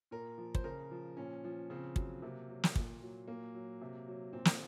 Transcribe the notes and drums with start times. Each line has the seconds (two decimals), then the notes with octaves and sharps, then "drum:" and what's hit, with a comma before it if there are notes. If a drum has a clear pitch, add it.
0.11 A#2 A#4
0.38 F3
0.55 C5, drum: kick
0.64 C#3 A#4
0.91 F3
1.17 A#2 C#4
1.44 F3
1.70 C#3 C4
1.96 F#3, drum: kick
2.22 C3 A#3
2.50 F#3
2.64 drum: snare
2.76 A#2, drum: kick
3.02 F#3
3.28 A#2 A#3
3.55 F#3
3.81 C3
4.08 F#3
4.33 A#2 C4
4.45 drum: snare